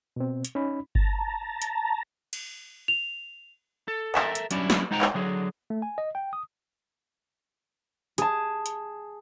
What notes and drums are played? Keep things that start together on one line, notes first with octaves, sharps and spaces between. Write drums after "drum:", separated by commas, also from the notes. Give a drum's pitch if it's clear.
B2 C4
drum: hi-hat
C#4 D#4 B5
A5 A#5, drum: kick G1
drum: hi-hat
drum: cymbal
F7
A4
A4 A#4 E5, drum: clap
drum: hi-hat
F#3 G3 C#4 D4 E4, drum: hi-hat
drum: snare
G#3 D#4 C5 F#5 G5 A#5
drum: clap
D3 F#3 G#4
A3
G#5
D#5
G5
D#6
G#4 A5, drum: hi-hat
drum: hi-hat